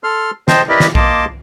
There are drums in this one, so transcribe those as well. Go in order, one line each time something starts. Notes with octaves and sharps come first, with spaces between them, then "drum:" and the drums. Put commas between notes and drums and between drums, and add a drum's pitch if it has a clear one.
A4 C6 F6
C5 D#5 G5 A5 C6, drum: snare
E4 G4 A#4 B4 D5 D#5
drum: snare
A#3 D#5 A5 C6 D6, drum: kick A#1